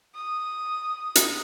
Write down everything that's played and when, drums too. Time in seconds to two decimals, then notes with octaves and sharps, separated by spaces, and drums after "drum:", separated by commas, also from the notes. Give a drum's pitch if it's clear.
0.15 D#6
1.15 drum: hi-hat